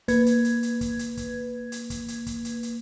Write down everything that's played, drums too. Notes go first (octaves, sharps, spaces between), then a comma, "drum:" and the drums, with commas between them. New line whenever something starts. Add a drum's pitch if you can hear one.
A#3 B4 G#6, drum: kick, hi-hat
drum: hi-hat
drum: hi-hat
drum: hi-hat
drum: kick, hi-hat
drum: hi-hat
drum: kick, hi-hat
drum: hi-hat
drum: kick, hi-hat
drum: hi-hat
drum: kick, hi-hat
drum: hi-hat
drum: hi-hat